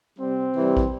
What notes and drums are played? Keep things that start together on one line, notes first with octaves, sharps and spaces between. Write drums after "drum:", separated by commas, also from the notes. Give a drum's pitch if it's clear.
C3 G3 C4
C3 E3 G3
drum: kick